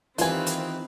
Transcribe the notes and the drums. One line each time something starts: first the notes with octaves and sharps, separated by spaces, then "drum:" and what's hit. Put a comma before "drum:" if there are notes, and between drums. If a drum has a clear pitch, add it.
D#3 E3 C4 F4 G4 B4 G#5, drum: hi-hat
drum: hi-hat